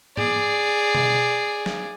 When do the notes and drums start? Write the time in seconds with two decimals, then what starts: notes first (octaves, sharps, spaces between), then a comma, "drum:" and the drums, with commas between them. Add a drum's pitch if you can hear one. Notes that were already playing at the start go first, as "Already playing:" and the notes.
0.17 G#4 D5, drum: tom G#2
0.95 drum: tom B2
1.66 drum: snare